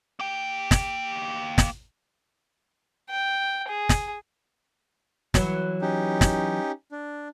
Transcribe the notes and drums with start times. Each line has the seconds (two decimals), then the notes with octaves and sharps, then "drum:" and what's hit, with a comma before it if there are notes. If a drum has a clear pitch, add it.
0.20 A#3 G5
0.71 drum: snare
1.58 drum: snare
3.10 G5
3.69 G#4
3.89 drum: snare
5.34 E3 F#3, drum: snare
5.82 C#4 D#4 G4
6.21 drum: snare
6.92 D4